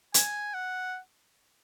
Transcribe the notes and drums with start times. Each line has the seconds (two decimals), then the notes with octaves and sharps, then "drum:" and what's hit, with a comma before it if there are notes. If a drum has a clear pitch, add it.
0.14 G#5, drum: hi-hat
0.54 F#5